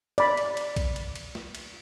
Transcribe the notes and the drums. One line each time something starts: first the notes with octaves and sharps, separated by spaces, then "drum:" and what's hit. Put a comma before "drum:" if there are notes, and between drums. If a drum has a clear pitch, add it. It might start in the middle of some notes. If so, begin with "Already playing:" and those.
D5 B5, drum: cymbal
drum: cymbal
drum: cymbal
drum: kick B1, cymbal
drum: cymbal
drum: cymbal
drum: snare
drum: cymbal